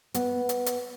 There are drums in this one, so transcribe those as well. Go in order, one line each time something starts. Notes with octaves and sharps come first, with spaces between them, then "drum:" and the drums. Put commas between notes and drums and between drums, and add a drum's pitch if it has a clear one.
B3, drum: hi-hat
drum: hi-hat
drum: hi-hat